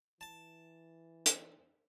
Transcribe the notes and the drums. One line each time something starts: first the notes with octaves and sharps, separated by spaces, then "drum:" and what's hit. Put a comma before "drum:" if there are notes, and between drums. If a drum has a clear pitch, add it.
E3 A5
drum: hi-hat